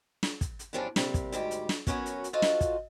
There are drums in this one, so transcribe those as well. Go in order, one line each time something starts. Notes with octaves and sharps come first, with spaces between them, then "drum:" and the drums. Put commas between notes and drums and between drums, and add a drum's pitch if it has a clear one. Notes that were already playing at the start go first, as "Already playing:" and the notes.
drum: snare
drum: kick, hi-hat
drum: hi-hat
E2 G2 F3 G3 C#4 D4
C3 G3 A#3, drum: snare
drum: kick, hi-hat
D2 G#2 G3 G4, drum: hi-hat
drum: hi-hat
drum: snare
F#3 B3 C#4 F#4 A#4, drum: kick, hi-hat
drum: hi-hat
drum: hi-hat
F4 F#4 A4 C5 D#5 F5
drum: snare
drum: kick, hi-hat